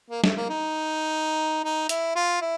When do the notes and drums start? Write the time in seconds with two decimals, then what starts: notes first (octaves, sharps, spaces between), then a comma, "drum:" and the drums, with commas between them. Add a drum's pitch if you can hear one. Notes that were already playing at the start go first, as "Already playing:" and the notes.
0.10 A#3
0.24 A3, drum: snare
0.37 A#3
0.50 D#4
1.64 D#4
1.89 E4, drum: hi-hat
2.16 F4
2.41 E4